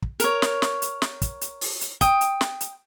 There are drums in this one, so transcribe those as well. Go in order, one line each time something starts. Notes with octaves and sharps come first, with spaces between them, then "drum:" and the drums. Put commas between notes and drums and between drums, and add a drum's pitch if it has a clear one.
drum: kick
A#4 C#5, drum: hi-hat
drum: snare
drum: snare
drum: hi-hat
drum: snare
drum: kick, hi-hat
drum: hi-hat
drum: open hi-hat
drum: hi-hat
G5 D#6, drum: kick, hi-hat
drum: hi-hat
drum: snare
drum: hi-hat